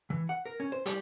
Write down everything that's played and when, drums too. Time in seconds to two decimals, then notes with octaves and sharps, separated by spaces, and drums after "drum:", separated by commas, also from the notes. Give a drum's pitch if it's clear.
0.10 E3
0.29 F#5
0.46 A#4
0.60 C#4
0.72 C5
0.86 G3, drum: hi-hat